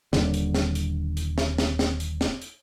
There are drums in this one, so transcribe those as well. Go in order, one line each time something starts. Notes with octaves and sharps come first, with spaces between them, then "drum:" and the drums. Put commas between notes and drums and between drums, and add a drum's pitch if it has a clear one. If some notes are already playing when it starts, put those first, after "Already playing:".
D#1 D3, drum: snare
drum: hi-hat
drum: snare
drum: hi-hat
drum: hi-hat
drum: snare
drum: snare
drum: snare
drum: hi-hat
drum: snare
drum: hi-hat